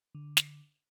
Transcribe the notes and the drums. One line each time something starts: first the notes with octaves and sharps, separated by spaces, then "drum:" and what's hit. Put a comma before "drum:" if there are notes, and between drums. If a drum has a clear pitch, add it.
D3
drum: snare